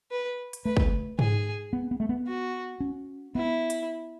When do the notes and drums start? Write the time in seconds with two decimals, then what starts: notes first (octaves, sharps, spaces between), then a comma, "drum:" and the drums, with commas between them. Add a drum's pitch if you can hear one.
0.11 B4
0.53 drum: hi-hat
0.65 A3 B4
0.77 drum: kick
1.19 G#4, drum: tom G#2
1.73 B3
1.91 B3
2.00 A3
2.09 B3
2.27 F#4
2.80 C#4
3.35 B3 E4
3.70 drum: hi-hat